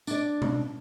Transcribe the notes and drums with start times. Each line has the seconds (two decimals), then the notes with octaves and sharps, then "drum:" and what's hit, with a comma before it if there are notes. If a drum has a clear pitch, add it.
0.07 D4 D5, drum: tambourine
0.42 drum: tom